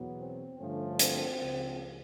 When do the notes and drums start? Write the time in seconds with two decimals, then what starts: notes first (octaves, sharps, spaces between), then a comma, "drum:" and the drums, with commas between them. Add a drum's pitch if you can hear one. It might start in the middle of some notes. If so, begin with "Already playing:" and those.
Already playing: E2 B2 F#3 B3
0.20 C4
0.60 G2 D3 F3 A3 C#4
0.99 C4, drum: hi-hat
1.39 C#2 C#3 F3